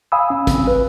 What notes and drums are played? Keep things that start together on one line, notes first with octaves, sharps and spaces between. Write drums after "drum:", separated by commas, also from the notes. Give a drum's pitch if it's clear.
F5 G#5 B5 D#6 E6
C#4
C4, drum: kick, hi-hat
B4